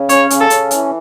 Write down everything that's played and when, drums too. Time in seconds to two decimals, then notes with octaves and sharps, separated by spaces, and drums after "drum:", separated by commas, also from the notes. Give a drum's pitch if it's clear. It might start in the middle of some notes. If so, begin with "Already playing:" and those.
Already playing: C#3
0.09 C#4 C#5, drum: hi-hat
0.30 C#3, drum: hi-hat
0.40 A4
0.50 C#4, drum: hi-hat
0.71 E3, drum: hi-hat